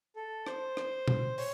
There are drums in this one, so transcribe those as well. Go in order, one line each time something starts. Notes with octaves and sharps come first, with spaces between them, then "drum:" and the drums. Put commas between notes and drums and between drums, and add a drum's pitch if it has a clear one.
A4
C5, drum: rim click
drum: rim click
drum: tom A#2
C#5, drum: open hi-hat